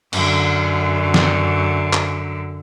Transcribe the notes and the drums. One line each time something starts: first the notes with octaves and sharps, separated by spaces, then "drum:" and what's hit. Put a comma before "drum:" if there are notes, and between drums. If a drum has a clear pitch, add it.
F#2 D3, drum: cymbal
drum: snare
drum: clap